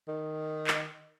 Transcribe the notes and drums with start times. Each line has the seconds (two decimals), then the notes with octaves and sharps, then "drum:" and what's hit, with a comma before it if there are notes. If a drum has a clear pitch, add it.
0.08 D#3
0.67 drum: clap